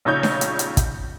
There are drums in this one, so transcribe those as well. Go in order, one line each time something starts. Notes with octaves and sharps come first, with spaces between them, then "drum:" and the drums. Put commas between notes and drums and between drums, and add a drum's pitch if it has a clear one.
A#1 C#3 D#4 C#5 G6
drum: snare D4
drum: hi-hat
drum: hi-hat
drum: kick, hi-hat